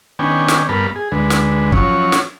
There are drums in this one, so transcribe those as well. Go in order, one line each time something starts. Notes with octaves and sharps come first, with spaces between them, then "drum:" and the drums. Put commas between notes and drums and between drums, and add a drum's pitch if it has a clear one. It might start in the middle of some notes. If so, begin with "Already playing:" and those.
D#3 B3 C#4 D4 G5 G#5
drum: snare
G2 B3 A#4 A5 B5 F6
G#4
D2 D3 G#3 B4
drum: snare
F3 F#3 C#4 C#5, drum: kick
drum: snare